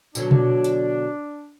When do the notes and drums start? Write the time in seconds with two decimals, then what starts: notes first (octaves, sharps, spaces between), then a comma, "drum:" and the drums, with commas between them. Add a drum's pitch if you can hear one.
0.15 B2 D3 F#3 D4, drum: tambourine
0.31 drum: tom B2
0.64 drum: hi-hat